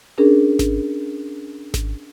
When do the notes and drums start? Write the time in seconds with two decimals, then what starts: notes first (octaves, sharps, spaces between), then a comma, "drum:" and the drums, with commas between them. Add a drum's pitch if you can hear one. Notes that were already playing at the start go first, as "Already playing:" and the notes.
0.18 C#4 D4 G#4 A#4
0.59 drum: snare G#1
1.74 drum: snare G#1